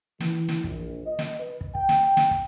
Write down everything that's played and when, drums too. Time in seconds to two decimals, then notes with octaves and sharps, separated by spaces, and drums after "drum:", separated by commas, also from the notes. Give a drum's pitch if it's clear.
0.20 E3, drum: snare
0.48 drum: snare
0.64 A#1, drum: kick
1.06 D#5
1.19 drum: snare
1.39 B4
1.61 drum: kick
1.75 G5, drum: kick
1.89 drum: snare
2.17 drum: snare
2.31 drum: kick